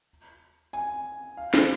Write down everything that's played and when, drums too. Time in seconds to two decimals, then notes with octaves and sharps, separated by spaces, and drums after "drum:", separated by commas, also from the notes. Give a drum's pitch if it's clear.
0.73 G#5, drum: tambourine
1.37 F5
1.54 C5, drum: snare